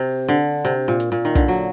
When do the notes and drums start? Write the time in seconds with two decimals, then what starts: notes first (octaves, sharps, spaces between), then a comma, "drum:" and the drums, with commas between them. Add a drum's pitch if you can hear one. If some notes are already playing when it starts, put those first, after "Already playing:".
Already playing: C3
0.28 D3
0.65 C3, drum: hi-hat
0.88 A#2
1.00 drum: hi-hat
1.12 A#2
1.25 D#3
1.35 D3, drum: kick, hi-hat
1.48 F#3